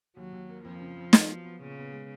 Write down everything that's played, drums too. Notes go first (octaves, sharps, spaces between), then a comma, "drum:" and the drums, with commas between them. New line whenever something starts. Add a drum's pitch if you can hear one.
D#2 F#3
D#2
A#3
F2 F3
C#3
F2
B3, drum: snare
F#3
B3
A#2 C#3
B3
G#3